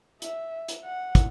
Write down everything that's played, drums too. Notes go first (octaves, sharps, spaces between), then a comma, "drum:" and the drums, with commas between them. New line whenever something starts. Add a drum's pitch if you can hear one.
E5, drum: hi-hat
drum: hi-hat
F#5
drum: kick, hi-hat